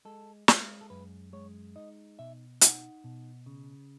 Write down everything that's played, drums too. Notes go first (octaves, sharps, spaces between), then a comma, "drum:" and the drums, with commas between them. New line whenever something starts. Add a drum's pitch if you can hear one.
G#3 A4
G#3, drum: snare
A4
F#2 B4
G#3 C#5
D#4 D#5
B2 E5
D#4 F#5, drum: hi-hat
B2
C#3